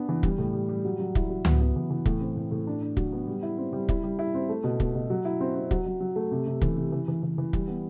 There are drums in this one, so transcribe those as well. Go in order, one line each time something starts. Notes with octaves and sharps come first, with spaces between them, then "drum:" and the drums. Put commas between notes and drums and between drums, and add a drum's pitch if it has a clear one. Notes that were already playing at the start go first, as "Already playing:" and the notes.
Already playing: B3 D4
E3
G3, drum: kick
A2
G3
G3
F#3
F#3
E4, drum: kick
F#3
B3, drum: tom C#2
B3
E3
E3
A2, drum: kick
C4
A2
A2
D4
D4
F#3, drum: kick
B3
G3
E4
C4
G3
E4, drum: kick
G3
E4
C4
A3
B2
B2, drum: kick
B2
F#3
E4
C4
C4
F#3, drum: kick
F#3
F#3
A3
C3
C3
E3, drum: kick
C3
E3
E3
E3
E3
G3, drum: kick
B3